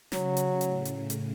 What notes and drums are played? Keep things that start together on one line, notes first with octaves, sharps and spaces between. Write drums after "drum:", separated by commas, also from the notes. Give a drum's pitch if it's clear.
C#3 F#3, drum: snare
drum: hi-hat
A2, drum: hi-hat
drum: hi-hat
drum: hi-hat